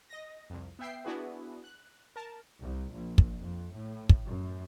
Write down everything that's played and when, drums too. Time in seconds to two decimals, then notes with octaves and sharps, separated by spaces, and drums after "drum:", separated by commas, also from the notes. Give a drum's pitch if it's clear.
0.09 D#5 A#6
0.50 C2 F2
0.79 B3 E5 G5 C7
1.05 B3 D4 E4 F#4 G#4 B4
1.64 F#6
2.16 A#4 A5
2.61 C2
2.93 A#1
3.18 drum: kick
3.39 F2
3.73 A2
4.09 drum: kick
4.28 F#2